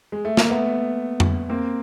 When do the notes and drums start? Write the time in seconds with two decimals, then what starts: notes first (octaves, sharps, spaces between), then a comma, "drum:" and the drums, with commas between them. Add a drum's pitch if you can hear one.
0.12 G#3
0.25 A3
0.37 A#3, drum: snare
0.50 A3 B3
1.20 drum: tom F2
1.49 A#3 C4